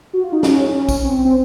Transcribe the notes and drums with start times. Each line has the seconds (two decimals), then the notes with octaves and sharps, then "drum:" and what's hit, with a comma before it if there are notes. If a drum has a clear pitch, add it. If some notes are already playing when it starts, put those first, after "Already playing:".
0.13 F#4
0.24 F4
0.32 D#4
0.43 C#4, drum: snare
0.74 C#4
0.89 drum: kick A#1, tambourine
1.04 C4
1.25 C4